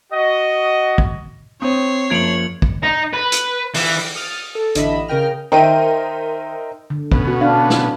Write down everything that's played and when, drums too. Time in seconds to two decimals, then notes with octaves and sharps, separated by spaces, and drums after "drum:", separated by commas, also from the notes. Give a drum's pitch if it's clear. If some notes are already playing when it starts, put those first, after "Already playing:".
0.12 F#4 D#5
0.98 drum: kick
1.62 C4 C#5 D#6 C7
2.10 F#1 F3 G#6 C#7 D7 F7 F#7
2.62 drum: kick
2.83 D#4
3.13 B4
3.32 drum: hi-hat
3.74 E3, drum: open hi-hat
4.16 D#6 F6 A6
4.55 A4
4.75 A1 D3 D#5 E5 B5, drum: hi-hat
5.08 C#3 A#4 D#5 G5 F6
5.52 D#3 D#4 A#4 C5 E5 G5 D#7
6.90 D3
7.12 B2 B3 C#4, drum: kick
7.28 F#4
7.41 D4 F5
7.70 drum: snare